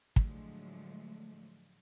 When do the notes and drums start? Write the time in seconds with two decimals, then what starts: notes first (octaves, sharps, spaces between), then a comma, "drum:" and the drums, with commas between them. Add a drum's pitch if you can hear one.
0.16 A2 D3 F3 F#3 G#3 A3, drum: kick